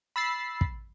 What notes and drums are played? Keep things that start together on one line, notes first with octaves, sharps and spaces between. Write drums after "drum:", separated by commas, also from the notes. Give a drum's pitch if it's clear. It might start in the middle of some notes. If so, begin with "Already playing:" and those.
B5 E6 A6 C7
drum: kick